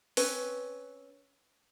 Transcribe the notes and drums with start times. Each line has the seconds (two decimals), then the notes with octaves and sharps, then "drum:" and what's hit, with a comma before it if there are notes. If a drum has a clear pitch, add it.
0.17 C4 C#4 B4, drum: open hi-hat